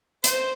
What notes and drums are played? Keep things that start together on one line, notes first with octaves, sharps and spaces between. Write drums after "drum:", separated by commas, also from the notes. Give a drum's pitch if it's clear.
C5, drum: hi-hat